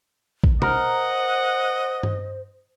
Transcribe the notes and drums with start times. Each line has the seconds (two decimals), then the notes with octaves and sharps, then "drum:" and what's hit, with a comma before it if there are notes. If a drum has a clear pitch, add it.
0.44 drum: kick
0.62 A#4 C5 D#5 F#5, drum: tom B2
2.03 drum: tom G2